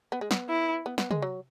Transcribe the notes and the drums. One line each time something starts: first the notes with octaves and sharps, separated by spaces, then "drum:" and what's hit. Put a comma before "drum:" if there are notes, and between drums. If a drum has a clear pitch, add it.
B3
G#3
B3, drum: snare
E4
B3
B3, drum: snare
G#3, drum: tom
F#3